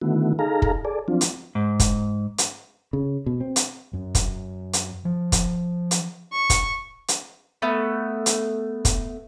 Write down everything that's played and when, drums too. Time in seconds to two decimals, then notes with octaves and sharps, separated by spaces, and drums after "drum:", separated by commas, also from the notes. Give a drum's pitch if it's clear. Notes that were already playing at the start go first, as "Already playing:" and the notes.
0.01 D3 D#3 A3 B3 E4 F#4
0.39 D#4 G#4 A4 F5 A#5
0.62 drum: kick
0.85 G#4 A4 D5
1.08 F3 F#3 C4 D4 F4
1.21 drum: hi-hat
1.55 G#2
1.80 drum: kick, hi-hat
2.38 drum: hi-hat
2.93 C#3
3.26 B2
3.41 C4
3.56 drum: hi-hat
3.93 F#2
4.15 drum: kick, hi-hat
4.73 drum: hi-hat
5.05 F3
5.32 drum: kick, hi-hat
5.91 drum: hi-hat
6.32 C#6
6.50 drum: kick, hi-hat
7.08 drum: hi-hat
7.62 A3 B3 B5
8.26 drum: hi-hat
8.85 drum: kick, hi-hat